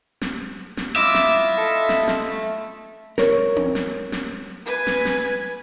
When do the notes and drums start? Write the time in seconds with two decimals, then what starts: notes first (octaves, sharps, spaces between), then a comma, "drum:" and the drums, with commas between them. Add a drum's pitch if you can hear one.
0.21 drum: snare
0.77 drum: snare
0.96 E4 F4 D#5 E5 D6
1.15 drum: snare
1.58 A4
1.89 drum: snare
2.08 drum: snare
2.30 A3
3.18 A#4 C#5, drum: snare
3.56 drum: tom C4
3.75 drum: snare
4.12 drum: snare
4.66 B4 G#5
4.87 drum: snare
5.05 drum: snare